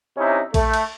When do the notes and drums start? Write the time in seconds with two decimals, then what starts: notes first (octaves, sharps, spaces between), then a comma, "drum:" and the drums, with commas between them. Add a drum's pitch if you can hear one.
0.17 C3 C#4 D#4 E4
0.54 A3, drum: kick A#1, cymbal
0.74 drum: cymbal